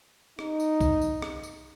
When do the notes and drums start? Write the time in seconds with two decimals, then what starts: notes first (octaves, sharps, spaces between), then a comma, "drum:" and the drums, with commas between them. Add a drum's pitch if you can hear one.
0.39 D#4, drum: rim click
0.60 drum: tambourine
0.81 drum: kick B1, tambourine
1.02 drum: tambourine
1.22 drum: rim click
1.43 drum: tambourine